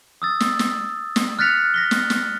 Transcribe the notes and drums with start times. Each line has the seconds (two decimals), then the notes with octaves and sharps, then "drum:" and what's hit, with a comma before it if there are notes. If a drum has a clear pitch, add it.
0.22 D#6 E6 A6
0.40 drum: snare
0.59 drum: snare
1.16 drum: snare
1.39 F6 F#6 A6 B6 C#7 F7
1.74 A#6 B6 G7
1.91 drum: snare
2.10 drum: snare